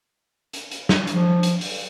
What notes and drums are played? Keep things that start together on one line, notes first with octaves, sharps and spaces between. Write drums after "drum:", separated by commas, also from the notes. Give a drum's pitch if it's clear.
drum: hi-hat
drum: hi-hat
drum: snare
F3, drum: hi-hat
drum: hi-hat
drum: open hi-hat